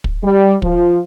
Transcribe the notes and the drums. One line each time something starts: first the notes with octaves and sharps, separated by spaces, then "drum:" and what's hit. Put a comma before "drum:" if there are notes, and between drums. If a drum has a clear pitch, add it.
drum: kick
G3
F3, drum: kick